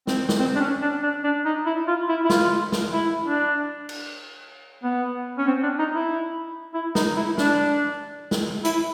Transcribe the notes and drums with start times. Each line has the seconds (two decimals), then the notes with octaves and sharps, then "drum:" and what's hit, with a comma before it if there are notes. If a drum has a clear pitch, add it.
0.07 C4, drum: snare
0.29 drum: snare
0.39 C4
0.56 D4
0.60 C#4
0.82 D4
1.03 D4
1.24 D4
1.45 D#4
1.66 E4
1.87 F4
2.09 E4
2.25 E4
2.30 F4, drum: snare
2.72 drum: snare
2.93 E4
3.25 D4
3.89 drum: cymbal
4.84 B3
5.38 C#4
5.47 C4
5.63 D4
5.79 D#4
5.95 E4
6.74 E4
6.95 D#4, drum: snare
7.16 E4
7.38 D4, drum: snare
8.31 drum: snare
8.65 E4, drum: hi-hat